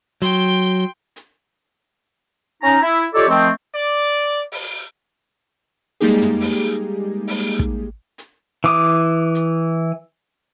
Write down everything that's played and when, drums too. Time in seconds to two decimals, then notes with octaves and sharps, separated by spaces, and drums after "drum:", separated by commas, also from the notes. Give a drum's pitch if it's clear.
0.22 F#3 G5 C6
1.16 drum: hi-hat
2.63 C#4 D#4 A#5
2.82 E4
3.14 D#4 F4 G4 A4 C#5 D5
3.28 D#3 F3 A3 C4
3.75 D5
4.52 drum: open hi-hat
6.00 G3 G#3 A#3 D#4 G4 G#4
6.22 drum: tom
6.41 drum: open hi-hat
7.28 drum: open hi-hat
7.59 drum: kick
8.18 drum: hi-hat
8.64 E3 D6 D#6
9.35 drum: hi-hat